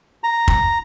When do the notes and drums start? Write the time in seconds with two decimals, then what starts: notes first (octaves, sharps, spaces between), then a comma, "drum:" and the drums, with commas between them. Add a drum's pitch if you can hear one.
0.23 A#5
0.48 drum: kick